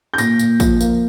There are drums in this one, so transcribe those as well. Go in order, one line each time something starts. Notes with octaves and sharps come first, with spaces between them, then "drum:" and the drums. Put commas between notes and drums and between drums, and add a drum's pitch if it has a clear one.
G6
A#2 A#6, drum: tambourine
A#2, drum: tambourine
F3, drum: kick, tambourine
A#3, drum: tambourine